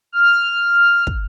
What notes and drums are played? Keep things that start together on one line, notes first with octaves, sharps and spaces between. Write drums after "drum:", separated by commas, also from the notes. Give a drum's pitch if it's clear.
F6
drum: kick